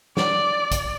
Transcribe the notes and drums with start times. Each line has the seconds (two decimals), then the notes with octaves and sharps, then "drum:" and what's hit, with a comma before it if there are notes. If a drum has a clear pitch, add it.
0.17 D5, drum: snare
0.71 drum: kick A1, hi-hat